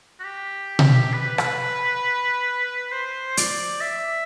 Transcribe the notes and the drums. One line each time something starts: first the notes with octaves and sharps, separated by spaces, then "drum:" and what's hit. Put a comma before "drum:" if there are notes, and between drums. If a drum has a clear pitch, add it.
F#4
G4
drum: tom B2
B4
drum: rim click
C5
D5, drum: hi-hat
E5